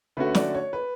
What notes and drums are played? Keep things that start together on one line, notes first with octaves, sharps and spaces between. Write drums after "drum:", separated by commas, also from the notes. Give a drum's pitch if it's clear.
D3 A3 C#4 F#4 B4
D5, drum: snare
C#5
B4